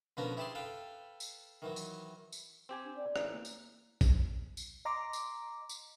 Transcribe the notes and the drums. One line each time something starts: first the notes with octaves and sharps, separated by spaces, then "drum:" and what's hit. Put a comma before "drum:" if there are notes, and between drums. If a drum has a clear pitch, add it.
B2 D3 F3 B3 C#4 A#4
E4 G4 G#4 A5 C6
A4 B4 F5 G5
drum: tambourine
D#3 E3 F#3
drum: tambourine
drum: tambourine
C4 G4 G#5
D4
D5
A2 E3 D#4, drum: rim click
A#3
drum: tambourine
drum: kick A#1, tambourine
drum: tambourine
D#5 A#5 C6 D6
drum: tambourine
drum: tambourine